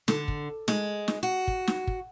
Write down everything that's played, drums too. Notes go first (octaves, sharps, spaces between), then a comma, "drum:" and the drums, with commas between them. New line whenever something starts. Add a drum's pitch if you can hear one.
D3, drum: snare
drum: kick
G#3, drum: snare
drum: snare
F#4
drum: kick
drum: snare
drum: kick